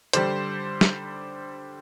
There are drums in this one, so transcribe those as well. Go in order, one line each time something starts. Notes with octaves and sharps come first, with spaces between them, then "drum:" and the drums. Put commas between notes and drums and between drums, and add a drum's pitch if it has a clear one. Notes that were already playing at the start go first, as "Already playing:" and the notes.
D3 G3 G4 C5, drum: hi-hat
drum: snare